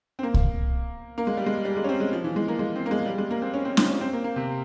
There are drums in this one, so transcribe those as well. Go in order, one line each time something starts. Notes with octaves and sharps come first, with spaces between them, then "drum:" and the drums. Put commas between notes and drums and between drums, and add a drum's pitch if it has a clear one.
C4
A#3
drum: kick C2
A#3
G#3
G3
G#3
G3
G#3
C#4
C4
G#3
F3
E3
G#3
A#3
G#3
C4
A#3
G#3
G3
G#3
A#3
C4
C#4
C4
C4, drum: snare
C#4
C4
A#3
A#3
C3